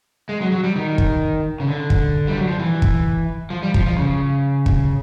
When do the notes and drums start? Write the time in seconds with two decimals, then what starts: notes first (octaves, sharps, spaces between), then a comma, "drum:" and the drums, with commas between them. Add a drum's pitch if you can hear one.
0.29 G#3
0.41 F#3
0.52 F#3
0.64 G3
0.76 D#3
0.98 drum: kick
1.60 C#3
1.67 D3
1.90 drum: kick
2.27 G3
2.37 F#3
2.48 F3
2.59 E3
2.82 drum: kick
3.50 F3
3.63 G3
3.74 F3, drum: kick
3.86 F3
3.97 C#3
4.66 drum: kick